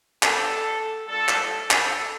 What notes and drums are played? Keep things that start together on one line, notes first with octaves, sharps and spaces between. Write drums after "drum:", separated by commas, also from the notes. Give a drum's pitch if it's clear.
B3 D4 G4 A4, drum: clap
G3 D4 F4 A4
drum: clap
A4
drum: clap